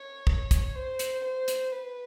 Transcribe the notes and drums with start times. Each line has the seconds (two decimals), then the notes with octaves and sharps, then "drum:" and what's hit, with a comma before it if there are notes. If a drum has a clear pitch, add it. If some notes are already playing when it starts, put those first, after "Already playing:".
Already playing: C#5
0.27 drum: kick
0.51 drum: kick, hi-hat
0.75 C5
0.99 drum: hi-hat
1.24 C5
1.48 drum: hi-hat
1.72 B4